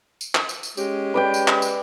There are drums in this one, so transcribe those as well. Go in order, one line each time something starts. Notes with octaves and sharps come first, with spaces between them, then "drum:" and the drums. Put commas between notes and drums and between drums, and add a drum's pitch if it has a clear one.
drum: tambourine
drum: clap
drum: tambourine
drum: tambourine
G#3 C#4 G4, drum: tambourine
B4 D5 G5
drum: tambourine
drum: clap
drum: tambourine